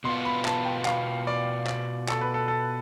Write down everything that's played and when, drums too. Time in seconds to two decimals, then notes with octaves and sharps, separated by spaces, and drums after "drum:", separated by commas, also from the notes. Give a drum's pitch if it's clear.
0.04 B2 B3 F4 C6
0.25 B5
0.45 A5, drum: clap
0.65 G5
0.85 F5, drum: clap
1.27 D5
1.67 D5, drum: clap
2.09 A4, drum: clap
2.21 B4
2.34 A4
2.48 A4